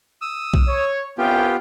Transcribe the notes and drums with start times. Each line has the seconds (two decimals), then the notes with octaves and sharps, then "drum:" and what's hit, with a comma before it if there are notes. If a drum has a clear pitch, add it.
0.21 D#6 E6
0.54 drum: kick B1
0.67 C#5
1.18 C2 B3 C#4 F4 G4 G5